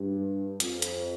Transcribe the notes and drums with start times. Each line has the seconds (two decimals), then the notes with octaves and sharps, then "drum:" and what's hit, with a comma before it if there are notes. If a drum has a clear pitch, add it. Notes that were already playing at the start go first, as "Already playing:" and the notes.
Already playing: G2
0.60 F2, drum: hi-hat
0.82 drum: hi-hat